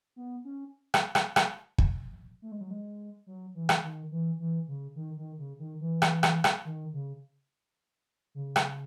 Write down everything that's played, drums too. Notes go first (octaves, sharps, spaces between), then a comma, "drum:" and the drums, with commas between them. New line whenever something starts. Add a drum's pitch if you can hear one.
B3
C#4
drum: rim click
drum: rim click
drum: rim click
drum: kick
A3
G#3
F#3
G#3
F#3
E3
drum: rim click
D#3
E3
E3
C#3
D#3
D#3
C#3
D#3
E3
drum: rim click
drum: rim click
drum: rim click
D#3
C#3
C#3
drum: rim click